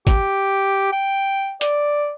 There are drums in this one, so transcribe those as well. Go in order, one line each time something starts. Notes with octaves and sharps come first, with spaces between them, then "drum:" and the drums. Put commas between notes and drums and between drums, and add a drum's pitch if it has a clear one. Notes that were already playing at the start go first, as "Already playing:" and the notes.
G4, drum: kick, hi-hat
G5
D5, drum: hi-hat